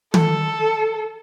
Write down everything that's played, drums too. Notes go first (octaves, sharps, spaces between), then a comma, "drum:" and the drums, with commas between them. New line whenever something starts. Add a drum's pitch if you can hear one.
A4, drum: tom